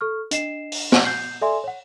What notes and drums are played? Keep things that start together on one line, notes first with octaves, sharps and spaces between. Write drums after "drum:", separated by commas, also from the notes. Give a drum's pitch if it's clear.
A4 C#6 F6
D4 D#5 C7 E7, drum: hi-hat
drum: open hi-hat
drum: snare
G6 C7
A4 D5 E5 G#5 C6
C#5 F#5